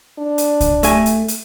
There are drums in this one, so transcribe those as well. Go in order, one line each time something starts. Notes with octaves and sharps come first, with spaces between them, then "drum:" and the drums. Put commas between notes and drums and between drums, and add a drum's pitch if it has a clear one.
D4
drum: hi-hat
drum: kick C2, hi-hat
A3 G#5, drum: hi-hat
drum: hi-hat
drum: hi-hat